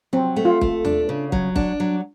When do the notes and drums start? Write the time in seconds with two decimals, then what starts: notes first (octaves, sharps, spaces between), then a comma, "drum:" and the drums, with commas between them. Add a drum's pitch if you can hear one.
0.13 F#3 C4
0.36 A3
0.45 F4
0.61 A3, drum: kick
0.85 D4, drum: tom D#2
1.09 C#3
1.32 F#3, drum: kick
1.56 D4, drum: kick
1.80 F#3